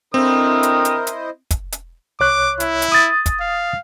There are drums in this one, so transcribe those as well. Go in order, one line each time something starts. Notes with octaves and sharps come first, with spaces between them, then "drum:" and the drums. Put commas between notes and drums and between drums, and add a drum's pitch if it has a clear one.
D3 C4 E4 A#4 C5 D#5 D#6
drum: hi-hat
drum: hi-hat
drum: hi-hat
drum: kick, hi-hat
drum: hi-hat
C2 C#5 D6 F#6
E4, drum: hi-hat
drum: hi-hat
D#6 A6
drum: kick, hi-hat
F5